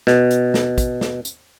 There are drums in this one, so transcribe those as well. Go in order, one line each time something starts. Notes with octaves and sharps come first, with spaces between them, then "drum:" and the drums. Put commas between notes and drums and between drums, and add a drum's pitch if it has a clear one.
B2, drum: snare
drum: hi-hat
drum: snare
drum: kick, hi-hat
drum: snare
drum: hi-hat